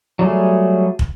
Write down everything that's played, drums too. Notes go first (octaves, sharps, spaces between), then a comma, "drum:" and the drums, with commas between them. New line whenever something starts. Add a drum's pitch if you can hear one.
F#3 G3 A3 G#4
drum: kick